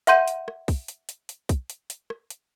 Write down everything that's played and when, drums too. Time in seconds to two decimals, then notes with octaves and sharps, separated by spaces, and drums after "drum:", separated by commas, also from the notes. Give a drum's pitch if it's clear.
0.07 E5 F#5 C6 G6 D#7, drum: hi-hat
0.28 drum: hi-hat
0.48 drum: rim click
0.68 drum: kick, open hi-hat
0.88 drum: hi-hat
1.09 drum: hi-hat
1.29 drum: hi-hat
1.49 drum: kick, hi-hat
1.70 drum: hi-hat
1.90 drum: hi-hat
2.10 drum: rim click
2.30 drum: hi-hat